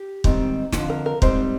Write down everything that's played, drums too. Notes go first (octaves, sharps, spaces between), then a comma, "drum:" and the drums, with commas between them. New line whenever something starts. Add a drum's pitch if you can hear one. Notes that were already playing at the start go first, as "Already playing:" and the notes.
Already playing: G4
G#2 D#3 G3 C4, drum: kick
F2 D3 F3, drum: snare
A#4
A#4
G#2 G3 C4 C5, drum: kick